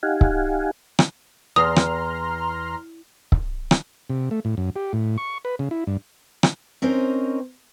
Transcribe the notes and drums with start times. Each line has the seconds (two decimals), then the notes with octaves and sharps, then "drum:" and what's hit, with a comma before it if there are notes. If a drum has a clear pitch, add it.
0.03 D#4 G4 F5 F#5 G#5
0.21 drum: kick C#1
0.99 drum: rim click
1.56 E2 A#5 C6 D#6 F6
1.76 drum: rim click
3.32 drum: kick C#1
3.71 drum: rim click
4.10 C3
4.31 A3
4.45 A2
4.57 F#2
4.76 G4
4.93 A2
5.18 C#6
5.45 B4
5.59 C#3
5.71 E4
5.87 G2
6.43 drum: rim click
6.82 C4 C#4 D#4 A#4 C5